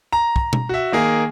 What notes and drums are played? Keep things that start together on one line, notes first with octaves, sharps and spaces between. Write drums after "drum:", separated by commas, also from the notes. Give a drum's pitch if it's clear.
A#5
drum: kick
drum: tom B2
F#4 E5
D#3 A#3 G#4